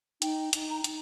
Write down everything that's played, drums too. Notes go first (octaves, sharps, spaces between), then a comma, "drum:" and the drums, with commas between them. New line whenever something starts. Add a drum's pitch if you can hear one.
D#4 G5, drum: hi-hat
D#4, drum: hi-hat
A#5
D#4, drum: hi-hat